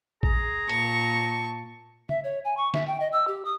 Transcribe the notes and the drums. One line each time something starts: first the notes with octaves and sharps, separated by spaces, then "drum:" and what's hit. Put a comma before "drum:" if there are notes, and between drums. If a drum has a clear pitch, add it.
G#4 A#5, drum: kick A1
A#2 A5 C#6, drum: hi-hat
E5, drum: tom C#3
C#5
G#5
C#6
E5, drum: snare
G5
D#5
E6
G4
D#6